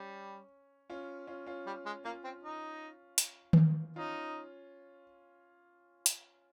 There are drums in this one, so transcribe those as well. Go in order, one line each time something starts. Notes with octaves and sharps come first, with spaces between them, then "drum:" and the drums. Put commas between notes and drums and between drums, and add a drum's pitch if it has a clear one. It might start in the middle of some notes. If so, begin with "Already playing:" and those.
Already playing: G3 C#4
C#4 F4
C#4 F4
C#4 F4
G3
G#3
A#3 C#4 F4
C4
D#4
drum: hi-hat
drum: tom D#3
C#4 D#4 F4
drum: hi-hat